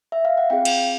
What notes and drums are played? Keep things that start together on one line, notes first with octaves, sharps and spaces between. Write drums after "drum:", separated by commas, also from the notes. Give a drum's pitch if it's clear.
E5
F5
F#5
C4 F4 G#4 F5 G5
drum: cymbal